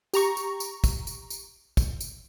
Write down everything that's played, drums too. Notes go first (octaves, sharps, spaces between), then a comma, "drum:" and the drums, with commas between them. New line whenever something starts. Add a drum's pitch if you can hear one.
G4 A#5 C#6, drum: tambourine
drum: tambourine
drum: tambourine
drum: kick, tambourine
drum: tambourine
drum: tambourine
drum: kick, tambourine
drum: tambourine